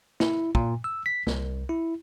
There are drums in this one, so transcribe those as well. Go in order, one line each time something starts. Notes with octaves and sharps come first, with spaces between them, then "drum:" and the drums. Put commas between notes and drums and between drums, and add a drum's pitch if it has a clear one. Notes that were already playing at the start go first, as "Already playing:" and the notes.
E4, drum: snare
A#2, drum: kick
E6
B6
C2, drum: snare
E4